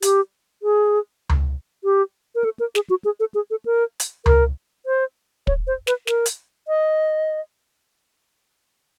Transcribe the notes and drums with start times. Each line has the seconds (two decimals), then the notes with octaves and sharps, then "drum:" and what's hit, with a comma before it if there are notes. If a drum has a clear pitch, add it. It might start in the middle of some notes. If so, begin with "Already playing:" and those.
0.02 G4, drum: hi-hat
0.63 G#4
1.29 drum: tom C#2
1.84 G4
2.35 A#4
2.44 A4
2.60 A#4
2.75 G#4, drum: snare
2.90 F#4
3.05 G#4
3.20 A4
3.35 G#4
3.51 A4
3.66 A#4
4.00 drum: hi-hat
4.26 A#4, drum: tom C#2
4.86 C5
5.47 C#5, drum: kick
5.67 C5
5.87 B4, drum: snare
6.07 A#4, drum: snare
6.26 drum: hi-hat
6.68 D#5